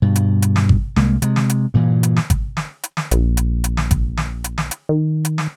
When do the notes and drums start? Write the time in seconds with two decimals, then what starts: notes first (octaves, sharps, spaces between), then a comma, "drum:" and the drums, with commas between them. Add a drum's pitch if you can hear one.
0.02 G2 B2
0.16 drum: hi-hat
0.42 drum: hi-hat
0.56 drum: snare
0.69 drum: kick G#1
0.96 C2 G#3 A#3, drum: snare
1.22 C3 G#3, drum: hi-hat
1.36 drum: snare
1.50 drum: hi-hat
1.74 G2 A#2 E3
2.03 drum: hi-hat
2.17 drum: snare
2.30 drum: kick G#1, hi-hat
2.57 drum: snare
2.83 drum: hi-hat
2.97 drum: snare
3.11 A#1, drum: hi-hat
3.37 drum: hi-hat
3.64 drum: hi-hat
3.77 drum: snare
3.91 drum: kick G#1, hi-hat
4.17 drum: snare
4.44 drum: hi-hat
4.58 drum: snare
4.71 drum: hi-hat
4.89 D#3
5.25 drum: hi-hat
5.38 drum: snare